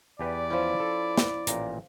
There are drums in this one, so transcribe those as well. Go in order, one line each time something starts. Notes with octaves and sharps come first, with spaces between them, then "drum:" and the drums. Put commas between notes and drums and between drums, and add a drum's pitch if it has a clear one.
E2 G4 B4 D5
F3 C#4 E4
A4
drum: snare
A1 A#2 A#5, drum: hi-hat